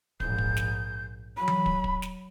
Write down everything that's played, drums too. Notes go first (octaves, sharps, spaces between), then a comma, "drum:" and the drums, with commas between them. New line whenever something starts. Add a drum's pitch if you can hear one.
A#1 G#2 G6, drum: kick
drum: kick
drum: snare
F#3 B5
drum: tom E3
drum: kick
drum: kick
drum: snare